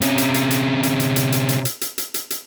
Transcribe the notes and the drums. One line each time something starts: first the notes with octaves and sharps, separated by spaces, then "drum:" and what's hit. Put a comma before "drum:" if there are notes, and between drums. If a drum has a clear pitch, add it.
C3 C#4, drum: hi-hat
drum: hi-hat
drum: hi-hat
drum: hi-hat
drum: hi-hat
drum: hi-hat
drum: hi-hat
drum: hi-hat
drum: hi-hat
drum: hi-hat
drum: hi-hat
drum: hi-hat
drum: hi-hat
drum: hi-hat